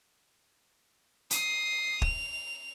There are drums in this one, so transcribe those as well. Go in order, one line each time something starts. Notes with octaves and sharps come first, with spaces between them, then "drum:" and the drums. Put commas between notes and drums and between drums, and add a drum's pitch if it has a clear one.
D#6 C7, drum: hi-hat
F7, drum: kick